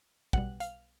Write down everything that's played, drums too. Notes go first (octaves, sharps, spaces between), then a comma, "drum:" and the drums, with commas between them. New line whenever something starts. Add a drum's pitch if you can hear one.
B1 B2 G3 F#5, drum: kick
F5, drum: hi-hat